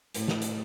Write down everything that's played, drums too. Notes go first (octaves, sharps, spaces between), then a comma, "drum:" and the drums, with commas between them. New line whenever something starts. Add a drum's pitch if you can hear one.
A2, drum: hi-hat
drum: snare
drum: hi-hat